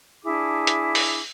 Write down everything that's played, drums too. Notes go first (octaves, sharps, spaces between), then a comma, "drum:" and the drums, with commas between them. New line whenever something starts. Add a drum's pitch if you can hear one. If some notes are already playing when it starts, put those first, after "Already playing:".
D4 E4 G#4 D6
drum: hi-hat
drum: open hi-hat